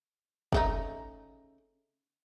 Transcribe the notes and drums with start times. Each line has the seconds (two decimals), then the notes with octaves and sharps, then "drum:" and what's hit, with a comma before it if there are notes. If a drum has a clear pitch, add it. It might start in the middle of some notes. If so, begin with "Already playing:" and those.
0.52 C#3 A3 D#4, drum: kick